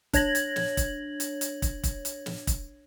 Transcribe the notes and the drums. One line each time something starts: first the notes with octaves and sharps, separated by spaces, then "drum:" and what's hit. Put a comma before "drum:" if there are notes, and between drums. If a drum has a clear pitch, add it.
D4 C#5 G#6 A#6 F#7, drum: kick, hi-hat
drum: hi-hat
drum: snare
drum: kick, hi-hat
drum: hi-hat
drum: hi-hat
drum: kick, hi-hat
drum: kick, hi-hat
drum: hi-hat
drum: snare
drum: kick, hi-hat